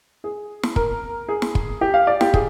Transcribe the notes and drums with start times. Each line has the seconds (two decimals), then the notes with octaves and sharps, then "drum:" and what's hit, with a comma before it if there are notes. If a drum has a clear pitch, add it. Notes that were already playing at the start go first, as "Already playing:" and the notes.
0.24 G#4
0.63 drum: snare
0.76 A#4, drum: kick
1.28 G#4
1.42 drum: snare
1.55 drum: kick
1.81 G4
1.94 F5
2.07 D5
2.21 G4, drum: snare
2.34 G#4, drum: kick